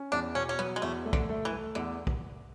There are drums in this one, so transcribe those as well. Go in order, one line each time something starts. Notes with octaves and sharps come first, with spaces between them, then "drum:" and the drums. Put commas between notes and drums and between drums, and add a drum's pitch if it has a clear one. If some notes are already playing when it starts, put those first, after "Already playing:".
Already playing: C#4
E2 D4
B2 C#4
C#4
F#3 B3
G#3
E2 A3
A3
D3, drum: kick
A3
E3
A3
E2 D3
drum: kick